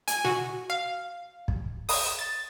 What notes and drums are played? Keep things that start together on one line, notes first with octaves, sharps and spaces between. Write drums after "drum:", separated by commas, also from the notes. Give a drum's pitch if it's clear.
G#5, drum: hi-hat
F#4, drum: snare
F5
drum: kick
D#6, drum: open hi-hat
A6